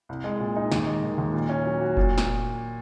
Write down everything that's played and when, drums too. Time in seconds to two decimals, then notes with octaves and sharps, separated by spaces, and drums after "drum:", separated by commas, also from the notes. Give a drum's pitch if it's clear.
0.09 C2
0.24 G#3
0.40 A#2
0.56 D#4
0.72 D#2, drum: snare
0.87 G#3
1.03 D#3
1.18 D#2
1.34 A#2
1.49 C#4
1.66 F#3
1.81 F#4
1.97 A#2, drum: kick F1
2.18 drum: snare